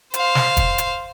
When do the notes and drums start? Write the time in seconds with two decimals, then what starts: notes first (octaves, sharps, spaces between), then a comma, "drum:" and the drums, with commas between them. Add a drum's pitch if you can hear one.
0.14 C5 F5, drum: hi-hat
0.35 drum: snare
0.57 drum: kick, hi-hat
0.78 drum: hi-hat